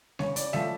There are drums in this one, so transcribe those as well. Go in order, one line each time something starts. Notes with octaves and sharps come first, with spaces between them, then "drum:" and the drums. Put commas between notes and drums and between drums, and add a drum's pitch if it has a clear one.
C#3 C#5, drum: snare G#3
D5, drum: hi-hat
F3 A3 E5, drum: snare G#3